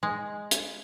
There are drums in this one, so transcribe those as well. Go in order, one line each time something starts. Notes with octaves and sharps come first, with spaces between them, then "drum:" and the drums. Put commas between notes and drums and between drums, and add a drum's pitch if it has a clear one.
G#3
drum: hi-hat